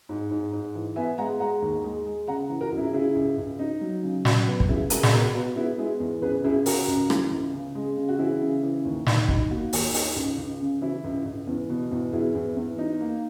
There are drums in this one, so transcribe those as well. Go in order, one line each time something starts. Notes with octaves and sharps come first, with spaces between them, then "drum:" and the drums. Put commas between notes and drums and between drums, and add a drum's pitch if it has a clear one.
G#2
G#2
G#2
E3
B3 E5 G#5
G#3 F#5 A#5
G#3 F#5 A#5
D#2
G#3
G#3
C#3 F#5 A#5
E3
F#4 A#4
C#2
E4 G#4
C#3 E4 G#4
C#2
C#2
D#4
F#3
C#3
F#3 F#4, drum: snare
B3
drum: kick
C#3 E4 G#4
G#3 F#4 A#4, drum: hi-hat
drum: snare
B2 F#4 A#4
B3 F#4
B3 E4 G#4
G#3 E4 G#4
E2
C#2 G#4 B4
C#2 E4 G#4
C#3 F#4 A#4, drum: open hi-hat
C#2
E3, drum: rim click
C#2
C#3
G#3
C#3
F#4
E3 E4 G#4
C#3
E3
D#2
D#3, drum: snare
D#4, drum: kick
A#3 F#4
D#2, drum: open hi-hat
D#4, drum: open hi-hat
C#2
C#2
C#3
E3 E4
C#2
C#2
E2
B2
E2
E2 E4 G#4
E2
E2
D#4
A#3